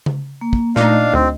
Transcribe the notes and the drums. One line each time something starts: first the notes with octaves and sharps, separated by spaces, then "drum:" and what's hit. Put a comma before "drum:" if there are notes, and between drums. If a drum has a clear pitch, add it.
drum: tom C#3
A#3
drum: kick
A#2 A3 D4 D#4 F5, drum: snare
D#5
D2 C4